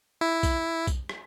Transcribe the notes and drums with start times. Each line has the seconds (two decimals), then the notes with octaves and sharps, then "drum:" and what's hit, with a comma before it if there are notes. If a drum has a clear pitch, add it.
0.21 E4
0.43 drum: kick B1, tambourine
0.87 drum: kick B1, tambourine
1.09 drum: rim click